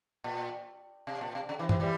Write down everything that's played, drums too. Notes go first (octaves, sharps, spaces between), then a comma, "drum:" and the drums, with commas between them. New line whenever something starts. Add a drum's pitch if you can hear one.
A#2
C3
A#2
C3
C#3
C3 E3
C3 E3, drum: tom G2
E3 G3